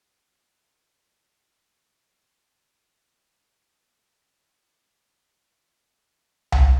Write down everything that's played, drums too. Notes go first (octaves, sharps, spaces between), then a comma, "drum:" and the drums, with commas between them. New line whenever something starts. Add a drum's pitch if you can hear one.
A#2 C#3 F#3 A#4 B4
G3 A#3 F#4 G#4
D#4 E4 A#4 C5 D6 D#6 G#6
A5
B2
C#4
B4
A#2
E5
B3
A5
A3
C4
F2
C#3
F#5
drum: tom C2